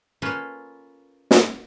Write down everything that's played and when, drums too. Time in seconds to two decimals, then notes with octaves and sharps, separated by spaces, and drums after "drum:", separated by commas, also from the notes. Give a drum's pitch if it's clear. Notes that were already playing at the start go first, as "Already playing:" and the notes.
0.22 A#3 C#4 F4 A4 B4
1.31 drum: snare